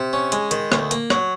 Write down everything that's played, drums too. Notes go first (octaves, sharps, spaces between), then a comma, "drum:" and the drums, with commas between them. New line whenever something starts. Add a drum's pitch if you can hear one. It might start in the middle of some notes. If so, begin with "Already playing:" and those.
Already playing: C3
C#4
G#3, drum: hi-hat
D#3, drum: hi-hat
D2, drum: rim click
A#3, drum: hi-hat
F#3, drum: rim click